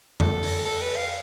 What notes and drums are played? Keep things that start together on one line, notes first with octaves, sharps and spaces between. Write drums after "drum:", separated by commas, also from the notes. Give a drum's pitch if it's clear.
A4, drum: tom F2
drum: open hi-hat
A4
B4
F5